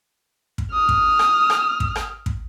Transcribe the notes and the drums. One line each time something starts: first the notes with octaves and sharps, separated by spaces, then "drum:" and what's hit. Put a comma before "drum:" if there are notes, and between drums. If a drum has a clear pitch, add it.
drum: kick
D#6 F6
drum: kick
drum: rim click
drum: rim click
drum: kick
drum: rim click
drum: kick